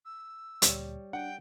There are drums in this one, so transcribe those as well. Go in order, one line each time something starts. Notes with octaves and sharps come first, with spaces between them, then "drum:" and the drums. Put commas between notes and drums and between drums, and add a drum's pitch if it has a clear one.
E6
D2 A#2 G3 C#5, drum: hi-hat
D4 F#5 G5